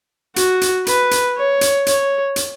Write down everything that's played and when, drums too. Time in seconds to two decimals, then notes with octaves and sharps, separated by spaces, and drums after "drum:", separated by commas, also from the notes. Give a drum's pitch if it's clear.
0.36 F#4, drum: hi-hat
0.61 drum: hi-hat
0.87 B4, drum: hi-hat
1.11 drum: hi-hat
1.37 C#5
1.61 drum: hi-hat
1.86 C#5, drum: hi-hat
2.36 drum: hi-hat